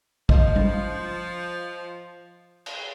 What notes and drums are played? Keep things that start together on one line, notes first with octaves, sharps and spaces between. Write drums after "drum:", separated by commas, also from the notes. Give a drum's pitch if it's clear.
F3 D#5, drum: kick
drum: tom G3
drum: cymbal